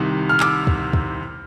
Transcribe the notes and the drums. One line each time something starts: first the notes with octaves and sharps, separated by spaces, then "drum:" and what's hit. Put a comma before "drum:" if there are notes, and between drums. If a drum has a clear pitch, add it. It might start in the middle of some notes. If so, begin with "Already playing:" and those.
Already playing: C2 C3 D#3
F6
D6 E6, drum: clap
drum: kick
drum: kick